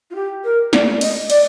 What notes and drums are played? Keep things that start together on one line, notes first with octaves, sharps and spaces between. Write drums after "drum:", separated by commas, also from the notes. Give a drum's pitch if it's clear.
F4
G4
A#4
D5, drum: snare
D#5, drum: cymbal
D5, drum: cymbal